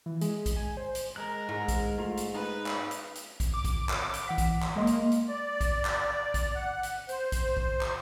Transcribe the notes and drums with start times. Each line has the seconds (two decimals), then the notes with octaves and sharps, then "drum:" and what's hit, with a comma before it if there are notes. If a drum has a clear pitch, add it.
0.06 E3
0.21 G#3, drum: hi-hat
0.46 drum: kick A#1, hi-hat
0.56 G#5
0.77 C5
0.95 drum: hi-hat
1.16 G#3 A#4 F#6
1.49 G#2
1.68 drum: kick A#1, hi-hat
1.98 A3 F4
2.17 drum: hi-hat
2.34 D#4 B4
2.66 drum: clap
2.91 drum: hi-hat
3.15 drum: hi-hat
3.40 drum: kick A#1, hi-hat
3.54 D6
3.64 drum: kick A#1, hi-hat
3.89 drum: clap
4.13 drum: hi-hat
4.28 E3 F#5 B6
4.38 drum: kick A#1, hi-hat
4.63 drum: clap
4.76 G#3 A#3 D#5 C6
4.87 drum: hi-hat
5.12 drum: hi-hat
5.28 D5
5.61 drum: kick A#1, hi-hat
5.85 drum: clap
6.34 drum: kick A#1, hi-hat
6.55 F#5
6.83 drum: hi-hat
7.09 C5, drum: hi-hat
7.32 drum: kick A#1, hi-hat
7.57 drum: kick A#1
7.81 drum: clap